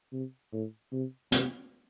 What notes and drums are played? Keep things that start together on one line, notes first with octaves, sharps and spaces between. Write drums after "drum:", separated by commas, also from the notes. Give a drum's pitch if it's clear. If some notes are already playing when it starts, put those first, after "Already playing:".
C3
A2
C3
C3, drum: hi-hat